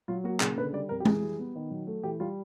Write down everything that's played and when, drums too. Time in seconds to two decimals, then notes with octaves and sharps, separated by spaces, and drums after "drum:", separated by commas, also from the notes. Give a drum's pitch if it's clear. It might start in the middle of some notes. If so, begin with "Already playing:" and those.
0.08 F#3 F4
0.24 A#3 F#4
0.40 C#3 G#4, drum: clap
0.57 D3 B4
0.73 G3 D5
0.89 F2 A#4
1.00 G4
1.05 E3 G#4, drum: tom G#3
1.22 G3
1.39 B3
1.55 D#3
1.71 F#3
1.87 A3
2.03 E3 G4
2.20 G3 F4